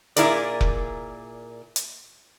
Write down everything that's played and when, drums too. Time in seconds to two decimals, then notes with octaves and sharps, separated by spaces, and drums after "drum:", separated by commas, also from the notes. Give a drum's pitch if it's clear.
0.16 A#2 E4 G#4 A#4 D5, drum: hi-hat
0.61 drum: kick F1
1.76 drum: hi-hat